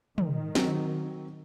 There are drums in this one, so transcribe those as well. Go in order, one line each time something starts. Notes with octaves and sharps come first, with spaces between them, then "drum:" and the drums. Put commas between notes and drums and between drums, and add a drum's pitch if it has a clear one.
D#3, drum: tom
F#3 C4, drum: snare